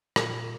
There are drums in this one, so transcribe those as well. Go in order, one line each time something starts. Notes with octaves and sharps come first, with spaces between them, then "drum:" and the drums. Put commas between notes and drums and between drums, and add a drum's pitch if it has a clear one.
A#2, drum: rim click